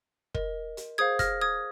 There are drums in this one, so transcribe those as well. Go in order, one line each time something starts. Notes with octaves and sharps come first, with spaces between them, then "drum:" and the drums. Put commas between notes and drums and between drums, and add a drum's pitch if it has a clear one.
A#4 D#5, drum: kick
drum: hi-hat
G#4 C5 F5 D#6 G#6
F6 A#6, drum: kick, hi-hat
D#6 G#6